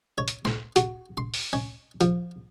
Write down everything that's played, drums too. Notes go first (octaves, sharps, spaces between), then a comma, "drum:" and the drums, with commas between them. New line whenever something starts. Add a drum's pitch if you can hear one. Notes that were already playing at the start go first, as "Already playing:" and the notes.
C#5
drum: hi-hat
C6, drum: snare
F#4, drum: hi-hat
C6
drum: open hi-hat
C#4
F3, drum: hi-hat